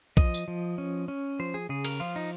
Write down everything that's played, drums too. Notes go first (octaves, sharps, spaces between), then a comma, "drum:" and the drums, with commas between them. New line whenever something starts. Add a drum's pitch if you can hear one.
F3 D#5, drum: kick A#1
drum: tambourine
F3
C#4
C#4
F3 C5
G#4
C#3 G#4
A#4, drum: cymbal
F3 F4
D#4